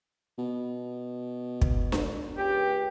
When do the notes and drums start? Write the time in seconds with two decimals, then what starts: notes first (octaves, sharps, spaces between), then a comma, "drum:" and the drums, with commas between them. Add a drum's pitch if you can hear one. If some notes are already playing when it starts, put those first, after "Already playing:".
0.39 B2
1.62 drum: kick
1.92 drum: snare D4
2.36 C#2 G4 G5